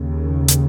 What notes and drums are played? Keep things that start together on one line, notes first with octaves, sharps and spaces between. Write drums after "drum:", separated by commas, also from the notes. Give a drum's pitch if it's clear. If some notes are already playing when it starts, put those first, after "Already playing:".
Already playing: D#2 C#3
drum: hi-hat